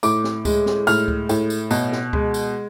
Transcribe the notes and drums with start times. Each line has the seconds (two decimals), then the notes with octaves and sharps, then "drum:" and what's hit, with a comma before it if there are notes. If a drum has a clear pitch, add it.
0.03 A2 D6, drum: tambourine
0.24 drum: snare
0.45 G#3, drum: kick C#2, tambourine
0.66 drum: snare
0.87 A2 F6, drum: tambourine
1.08 drum: kick C#2
1.29 A2, drum: tambourine
1.50 drum: tambourine
1.71 B2, drum: tambourine
1.92 drum: snare
2.13 G#3, drum: kick C#2
2.34 drum: tambourine